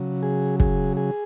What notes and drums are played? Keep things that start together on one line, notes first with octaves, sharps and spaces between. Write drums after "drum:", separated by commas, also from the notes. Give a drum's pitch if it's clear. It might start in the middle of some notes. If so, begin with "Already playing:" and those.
Already playing: C#3 F#3
G#4
G#4, drum: kick
G#4